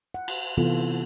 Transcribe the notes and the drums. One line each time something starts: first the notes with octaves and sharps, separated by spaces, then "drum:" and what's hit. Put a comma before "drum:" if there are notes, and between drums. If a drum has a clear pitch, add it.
F#5
drum: cymbal
C3 E3 B3 F4 A4